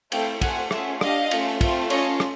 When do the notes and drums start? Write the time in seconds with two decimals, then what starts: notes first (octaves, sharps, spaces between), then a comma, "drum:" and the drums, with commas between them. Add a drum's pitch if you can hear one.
0.12 A3 C4 E4 A4 F5 G5, drum: cymbal
0.41 A3 C4 F4 F#5 G#5, drum: kick, cymbal
0.71 A3 C#4 F4 G#4 E5 F#5, drum: rim click
1.01 D4 G4 D#5 F5, drum: rim click
1.31 A3 C#4 F4, drum: cymbal
1.61 A3 C4 F4, drum: kick, cymbal
1.90 C#4 F4 A4 C#5 D#5, drum: cymbal
2.20 drum: rim click